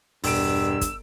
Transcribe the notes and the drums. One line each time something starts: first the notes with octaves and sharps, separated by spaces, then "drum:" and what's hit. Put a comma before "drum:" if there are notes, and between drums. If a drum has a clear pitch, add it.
E1 G2 E6 D7, drum: open hi-hat
drum: kick, hi-hat